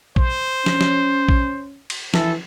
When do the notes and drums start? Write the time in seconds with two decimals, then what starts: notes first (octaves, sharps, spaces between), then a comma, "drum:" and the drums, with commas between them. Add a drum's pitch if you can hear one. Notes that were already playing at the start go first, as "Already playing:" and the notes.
0.16 C5, drum: kick A#1
0.66 C#4, drum: snare
0.81 drum: snare
1.29 drum: kick A#1
1.90 drum: cymbal
2.14 E3 A4, drum: snare